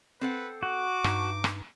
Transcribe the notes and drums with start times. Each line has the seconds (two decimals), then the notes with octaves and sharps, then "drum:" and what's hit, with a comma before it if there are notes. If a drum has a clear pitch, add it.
0.21 C4 A4 B4 F#5
0.63 F#4 D6
1.04 G2 D#4, drum: rim click
1.44 drum: rim click